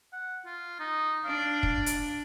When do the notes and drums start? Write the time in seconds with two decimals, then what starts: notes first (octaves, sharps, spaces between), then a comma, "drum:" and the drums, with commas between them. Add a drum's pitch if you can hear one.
0.13 F#5
0.46 F4
0.80 D#4
1.25 D4 D5 F5
1.63 drum: kick
1.86 drum: hi-hat